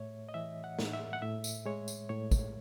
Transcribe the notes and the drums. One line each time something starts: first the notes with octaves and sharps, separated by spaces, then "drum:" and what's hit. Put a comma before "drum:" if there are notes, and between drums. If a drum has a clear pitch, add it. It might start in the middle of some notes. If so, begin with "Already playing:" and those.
Already playing: A2 A3 C#5 E5
D#5
E3 E5
F#5
A2, drum: snare
E5
F#5
A2 E5
drum: tambourine
G#3 C#5
drum: tambourine
A2 C#5
drum: kick, tambourine